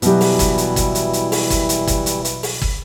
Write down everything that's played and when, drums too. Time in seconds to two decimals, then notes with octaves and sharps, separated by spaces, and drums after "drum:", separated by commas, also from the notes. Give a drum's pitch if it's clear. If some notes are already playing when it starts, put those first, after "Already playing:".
0.02 B2 E3 F#3 G3 E4 G4, drum: hi-hat
0.21 drum: open hi-hat
0.39 drum: kick, hi-hat
0.58 drum: hi-hat
0.76 drum: kick, hi-hat
0.95 drum: hi-hat
1.13 drum: hi-hat
1.32 drum: open hi-hat
1.50 drum: kick, hi-hat
1.69 drum: hi-hat
1.87 drum: kick, hi-hat
2.06 drum: hi-hat
2.25 drum: hi-hat
2.43 drum: open hi-hat
2.62 drum: kick